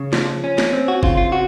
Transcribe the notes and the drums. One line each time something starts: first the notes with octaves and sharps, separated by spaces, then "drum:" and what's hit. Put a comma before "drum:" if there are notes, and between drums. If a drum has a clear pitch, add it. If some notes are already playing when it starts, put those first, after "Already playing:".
Already playing: C#3
F3, drum: snare
C#4
drum: snare
C4
F#4
C#3 F4, drum: kick F#1
F4
F#4